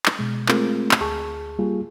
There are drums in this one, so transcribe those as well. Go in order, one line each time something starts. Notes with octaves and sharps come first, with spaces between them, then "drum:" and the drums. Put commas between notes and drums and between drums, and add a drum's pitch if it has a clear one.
drum: clap
B2 G#3
G#3 A3 C4 F4 G#4 A#4, drum: clap
drum: clap
D2 G#4 A5 C#6
G3 A#3 F4 G#4